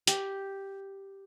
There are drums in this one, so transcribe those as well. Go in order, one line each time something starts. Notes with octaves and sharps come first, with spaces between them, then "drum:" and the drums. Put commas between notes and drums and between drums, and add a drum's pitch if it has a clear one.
G4, drum: hi-hat